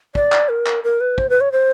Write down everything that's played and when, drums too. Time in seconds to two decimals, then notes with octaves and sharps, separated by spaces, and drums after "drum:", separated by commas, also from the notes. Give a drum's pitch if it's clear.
0.15 D5, drum: kick
0.32 drum: clap
0.49 A#4
0.66 drum: clap
0.84 A#4
1.01 B4
1.18 C5, drum: kick
1.30 B4
1.41 C#5
1.52 C5